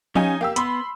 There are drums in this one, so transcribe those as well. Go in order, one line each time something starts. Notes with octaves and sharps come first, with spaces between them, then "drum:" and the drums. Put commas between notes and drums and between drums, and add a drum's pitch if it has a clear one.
C#4 D#4 G4 F5 G#5, drum: tom F3
A#3 G4 F5 E6
B3 B5 C6, drum: hi-hat